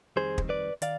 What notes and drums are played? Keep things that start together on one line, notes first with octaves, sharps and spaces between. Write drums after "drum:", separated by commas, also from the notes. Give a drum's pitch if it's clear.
F2 D#3 G3 C4 G#4 C5
drum: kick
B4 D5
D#3 D5 F5, drum: hi-hat